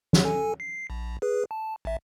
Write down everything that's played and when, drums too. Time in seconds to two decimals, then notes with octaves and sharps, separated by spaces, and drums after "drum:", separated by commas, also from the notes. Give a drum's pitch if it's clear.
0.13 drum: snare
0.25 A4 G#5
0.60 C7
0.90 A#1
1.22 G#4 B4
1.51 A5
1.85 A1 E5